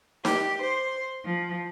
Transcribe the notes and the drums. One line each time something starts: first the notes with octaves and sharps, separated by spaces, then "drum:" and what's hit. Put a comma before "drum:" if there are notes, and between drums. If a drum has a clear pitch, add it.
G4, drum: snare D#4
C5
F3